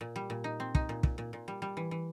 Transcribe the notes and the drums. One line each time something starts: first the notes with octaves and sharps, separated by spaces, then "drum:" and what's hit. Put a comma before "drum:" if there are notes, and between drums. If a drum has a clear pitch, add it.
A#2
G3
A#2
D#4
C4
D#4, drum: kick
A#2
A#2, drum: kick
A#2
A#2
G3
G3
E3
E3